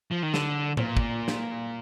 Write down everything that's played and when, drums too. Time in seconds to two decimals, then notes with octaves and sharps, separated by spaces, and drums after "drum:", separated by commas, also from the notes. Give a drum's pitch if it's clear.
0.12 F3
0.23 D#3
0.34 D3, drum: snare
0.77 A#2, drum: tom A2
0.97 drum: kick
1.28 drum: snare